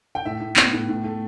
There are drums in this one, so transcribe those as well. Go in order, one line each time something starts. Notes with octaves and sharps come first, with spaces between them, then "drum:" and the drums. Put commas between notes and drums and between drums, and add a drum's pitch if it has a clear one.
G5
A2 E5
A2
B3, drum: clap
A2
A2
A3